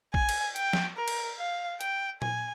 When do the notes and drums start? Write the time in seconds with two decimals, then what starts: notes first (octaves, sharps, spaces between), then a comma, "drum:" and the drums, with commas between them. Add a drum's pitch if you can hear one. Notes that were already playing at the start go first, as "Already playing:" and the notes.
0.14 G#5, drum: kick
0.29 drum: cymbal
0.56 G5, drum: hi-hat
0.73 drum: snare
0.97 A#4
1.08 drum: cymbal
1.38 F5
1.81 G5, drum: hi-hat
2.22 G#5, drum: tom A#2